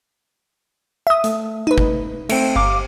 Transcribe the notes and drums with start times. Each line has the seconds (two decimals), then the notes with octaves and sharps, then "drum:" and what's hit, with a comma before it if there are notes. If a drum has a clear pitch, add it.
1.07 E5 D#6
1.24 A3, drum: hi-hat
1.67 D#4 B4
1.78 drum: kick
2.29 A3 C4, drum: cymbal
2.56 G1 F5 D6